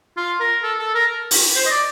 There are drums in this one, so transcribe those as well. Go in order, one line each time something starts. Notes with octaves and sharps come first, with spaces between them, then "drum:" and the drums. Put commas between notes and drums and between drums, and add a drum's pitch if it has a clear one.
F4
A#4
A4
A4
A#4
drum: open hi-hat
C5
D#5
D5